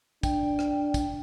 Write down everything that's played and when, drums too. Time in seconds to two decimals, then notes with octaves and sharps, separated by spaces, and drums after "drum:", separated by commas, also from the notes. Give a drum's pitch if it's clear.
0.23 D4 G5, drum: kick, tambourine
0.59 drum: rim click
0.94 drum: kick, tambourine